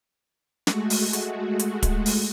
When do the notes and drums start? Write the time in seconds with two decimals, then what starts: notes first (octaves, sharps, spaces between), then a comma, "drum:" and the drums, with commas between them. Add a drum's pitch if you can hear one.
0.67 G#3 A3 F#4, drum: snare
0.90 drum: open hi-hat
1.13 drum: hi-hat
1.59 drum: hi-hat
1.83 drum: kick, hi-hat
2.06 drum: open hi-hat